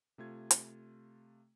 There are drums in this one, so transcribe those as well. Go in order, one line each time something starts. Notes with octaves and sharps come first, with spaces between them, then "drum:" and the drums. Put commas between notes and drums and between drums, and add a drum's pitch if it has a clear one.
C3 A3 F4 G#6
drum: hi-hat